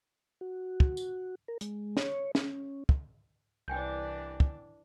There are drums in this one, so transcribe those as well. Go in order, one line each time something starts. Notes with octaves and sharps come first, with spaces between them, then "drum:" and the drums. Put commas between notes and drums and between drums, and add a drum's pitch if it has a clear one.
F#4
drum: kick
drum: tambourine
A#4
G#3, drum: hi-hat
C#5, drum: snare
C#4, drum: snare
drum: kick
C2 E3 D4 G5 G#5 G6
drum: kick